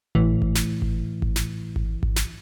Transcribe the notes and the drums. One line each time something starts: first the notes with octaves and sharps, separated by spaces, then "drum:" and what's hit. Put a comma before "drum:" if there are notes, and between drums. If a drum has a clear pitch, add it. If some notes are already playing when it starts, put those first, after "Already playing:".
A2 E3, drum: kick G#1
drum: kick G#1
drum: snare
drum: kick G#1
drum: kick G#1
drum: snare
drum: kick G#1
drum: kick G#1
drum: snare